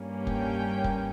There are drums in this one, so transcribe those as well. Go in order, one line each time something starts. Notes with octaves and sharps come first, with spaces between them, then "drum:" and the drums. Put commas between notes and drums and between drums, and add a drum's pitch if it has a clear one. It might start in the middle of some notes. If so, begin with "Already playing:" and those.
Already playing: G2 G3 A#3 C#4
G5, drum: kick F1
drum: kick F1